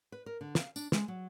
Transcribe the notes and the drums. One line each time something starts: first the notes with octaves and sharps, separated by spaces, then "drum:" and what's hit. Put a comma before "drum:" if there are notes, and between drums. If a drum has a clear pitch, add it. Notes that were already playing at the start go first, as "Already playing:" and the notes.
B4
A#4
D3
F5, drum: snare
D4, drum: tambourine
G#3, drum: snare
F#3